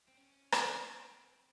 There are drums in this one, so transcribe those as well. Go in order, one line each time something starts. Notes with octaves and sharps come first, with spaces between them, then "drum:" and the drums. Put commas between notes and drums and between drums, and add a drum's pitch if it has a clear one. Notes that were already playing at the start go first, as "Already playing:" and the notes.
C4
C#4
drum: rim click
C#4
C4